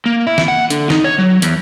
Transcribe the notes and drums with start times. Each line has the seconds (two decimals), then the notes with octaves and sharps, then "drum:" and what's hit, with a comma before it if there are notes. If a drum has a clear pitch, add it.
0.06 A#3
0.27 E4
0.38 drum: snare
0.48 F#5
0.70 D3, drum: hi-hat
0.90 D#4, drum: snare
1.04 C#5
1.18 F#3
1.42 E2, drum: hi-hat